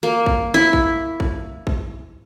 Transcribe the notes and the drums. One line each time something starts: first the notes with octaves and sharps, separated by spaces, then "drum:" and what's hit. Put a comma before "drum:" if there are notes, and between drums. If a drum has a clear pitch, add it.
A#3
drum: kick
E4
drum: kick
drum: kick
drum: kick